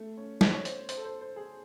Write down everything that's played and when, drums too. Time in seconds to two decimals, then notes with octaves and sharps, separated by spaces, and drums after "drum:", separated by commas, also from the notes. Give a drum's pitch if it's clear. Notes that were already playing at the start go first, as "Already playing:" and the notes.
Already playing: A3
0.17 C#4
0.41 C5, drum: snare
0.53 C#5
0.65 C5, drum: hi-hat
0.89 C5, drum: hi-hat
0.97 A4
1.05 C5
1.21 C5
1.36 G#4